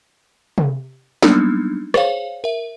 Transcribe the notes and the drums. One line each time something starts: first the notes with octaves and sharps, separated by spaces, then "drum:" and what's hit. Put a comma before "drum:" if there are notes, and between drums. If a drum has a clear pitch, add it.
drum: tom C3
F#3 G3 A#3 B3 D4 D#4, drum: snare
G#4 C5 C#5 F5, drum: rim click
A#4 E5